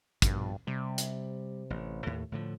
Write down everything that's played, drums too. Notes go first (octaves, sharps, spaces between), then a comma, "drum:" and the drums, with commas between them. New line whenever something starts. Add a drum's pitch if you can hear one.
A#1 G2 B2, drum: kick, hi-hat
C3 G3
drum: hi-hat
A1
D#2 A2
A2 D3 F3